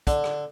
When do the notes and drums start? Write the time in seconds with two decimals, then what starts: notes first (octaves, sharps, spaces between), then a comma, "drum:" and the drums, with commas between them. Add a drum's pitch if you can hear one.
0.07 D3, drum: kick, hi-hat
0.24 drum: rim click